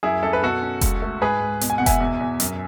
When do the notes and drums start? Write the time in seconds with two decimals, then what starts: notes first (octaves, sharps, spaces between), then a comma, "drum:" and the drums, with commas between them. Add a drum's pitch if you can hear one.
0.03 F#2 E4 G#4
0.23 F#2 A4
0.33 B4
0.43 B2 F#4 A4
0.62 C#4
0.81 C#2, drum: kick F1, hi-hat
1.02 A3
1.21 G#2 G#4 B4
1.41 G#2
1.61 B2, drum: hi-hat
1.70 G#5
1.78 B2 F#5
1.86 E5 G#5, drum: kick F1, hi-hat
2.00 E2
2.20 E2
2.40 F#2, drum: hi-hat